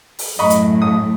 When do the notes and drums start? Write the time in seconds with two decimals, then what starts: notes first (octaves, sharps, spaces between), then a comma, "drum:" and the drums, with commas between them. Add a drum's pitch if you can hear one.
0.19 drum: open hi-hat
0.39 F#2 A2 D#5 B5 C#6
0.50 drum: hi-hat
0.82 D#6